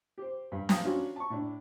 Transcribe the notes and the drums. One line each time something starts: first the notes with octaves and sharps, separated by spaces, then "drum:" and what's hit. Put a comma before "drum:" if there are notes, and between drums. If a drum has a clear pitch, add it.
G4 C5
G2
A1 F5 G5 D#6, drum: snare
C#4 D4 F4 F#4
A5 C#6
A2 D4